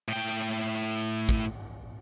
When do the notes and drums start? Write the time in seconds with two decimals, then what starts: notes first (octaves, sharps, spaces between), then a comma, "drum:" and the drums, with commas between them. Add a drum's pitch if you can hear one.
0.08 A2 G5
1.29 drum: kick